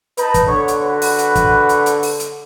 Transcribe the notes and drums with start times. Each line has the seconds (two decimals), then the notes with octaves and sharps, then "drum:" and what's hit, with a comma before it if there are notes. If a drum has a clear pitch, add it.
0.17 D#4 B4 A5 B5, drum: hi-hat
0.34 drum: kick, hi-hat
0.48 D3 B3 C#5
0.68 drum: hi-hat
0.82 F#4 B4
1.02 drum: open hi-hat
1.19 drum: hi-hat
1.36 drum: kick, hi-hat
1.69 drum: hi-hat
1.86 drum: hi-hat
2.03 drum: open hi-hat
2.20 drum: hi-hat